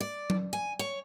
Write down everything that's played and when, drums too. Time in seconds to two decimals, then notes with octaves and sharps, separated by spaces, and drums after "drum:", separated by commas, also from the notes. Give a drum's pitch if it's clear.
0.01 D5
0.30 drum: tom F#3
0.53 G#5
0.79 C#5